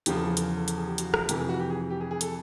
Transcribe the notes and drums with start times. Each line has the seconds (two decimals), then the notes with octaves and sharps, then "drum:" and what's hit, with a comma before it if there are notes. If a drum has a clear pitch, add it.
0.06 E2 C#3 F3 G4, drum: hi-hat
0.17 A4
0.27 G#4
0.37 A4, drum: hi-hat
0.57 A4
0.68 drum: hi-hat
0.77 G#4
0.88 G4
0.98 F#4, drum: hi-hat
1.14 drum: rim click
1.29 F2 C3 E3 G4, drum: hi-hat
1.39 G#4
1.49 F#4
1.59 G4
1.70 G#4
1.90 G4
2.00 G#4
2.11 G#4
2.21 A4, drum: hi-hat